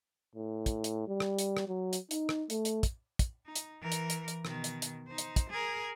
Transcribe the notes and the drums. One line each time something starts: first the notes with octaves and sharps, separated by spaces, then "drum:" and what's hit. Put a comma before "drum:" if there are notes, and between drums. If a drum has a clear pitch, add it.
A2
drum: kick, hi-hat
drum: hi-hat
G3
drum: rim click
drum: hi-hat
drum: rim click
F#3
drum: hi-hat
D#4, drum: hi-hat
drum: rim click
A3, drum: hi-hat
drum: hi-hat
drum: kick, hi-hat
drum: kick, hi-hat
D#4
drum: hi-hat
E3 A#4
drum: hi-hat
drum: hi-hat
drum: hi-hat
B2 D#3, drum: rim click
drum: hi-hat
drum: hi-hat
D#4 C5
drum: hi-hat
drum: kick, hi-hat
G#4 A#4